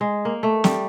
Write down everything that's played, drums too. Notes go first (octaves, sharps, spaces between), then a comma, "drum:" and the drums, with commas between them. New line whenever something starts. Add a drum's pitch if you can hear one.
G#3
A#3
A3
G3, drum: snare